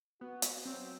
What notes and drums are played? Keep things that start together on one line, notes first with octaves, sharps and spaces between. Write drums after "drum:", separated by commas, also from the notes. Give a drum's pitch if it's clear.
B3 F#4
drum: hi-hat
F#3 C4